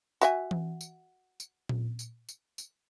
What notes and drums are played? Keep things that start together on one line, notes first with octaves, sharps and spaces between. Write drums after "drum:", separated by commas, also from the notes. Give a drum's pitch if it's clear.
F#4 E5 G#5, drum: tambourine
drum: tom E3
drum: tambourine
drum: tambourine
drum: tom A#2
drum: tambourine
drum: tambourine
drum: tambourine